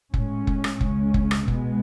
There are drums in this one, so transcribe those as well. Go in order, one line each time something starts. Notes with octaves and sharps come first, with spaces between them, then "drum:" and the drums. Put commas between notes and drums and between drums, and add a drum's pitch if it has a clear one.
A2 G#3 C#4, drum: kick
drum: kick
drum: rim click
C#2 C#3 G#3 C#4, drum: kick
drum: kick
drum: rim click
B2 G#3 B3, drum: kick